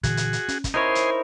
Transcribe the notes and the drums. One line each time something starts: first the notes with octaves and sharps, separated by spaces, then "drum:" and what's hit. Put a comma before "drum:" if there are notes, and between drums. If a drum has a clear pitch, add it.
A#2 D3 E3 F#4 G#4, drum: kick, hi-hat
drum: hi-hat
drum: hi-hat
C#4, drum: hi-hat
drum: kick, hi-hat
D#4 E4 A#4 C5 C#5 D#5 G#5 C6
drum: hi-hat